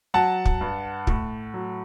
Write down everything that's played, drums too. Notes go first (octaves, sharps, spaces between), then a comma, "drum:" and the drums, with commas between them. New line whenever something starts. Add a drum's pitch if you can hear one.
F#3 F#5 A5
drum: kick
G2
A2, drum: kick
F#3